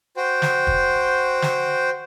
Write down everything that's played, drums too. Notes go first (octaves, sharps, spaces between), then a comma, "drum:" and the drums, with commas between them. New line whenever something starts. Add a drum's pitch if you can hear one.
F#4 C5 G5
drum: snare
drum: kick
drum: snare